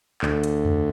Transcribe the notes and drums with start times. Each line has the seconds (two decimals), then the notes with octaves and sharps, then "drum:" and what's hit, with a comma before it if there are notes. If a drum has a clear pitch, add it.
0.22 D2, drum: clap
0.43 drum: hi-hat
0.65 drum: tom E2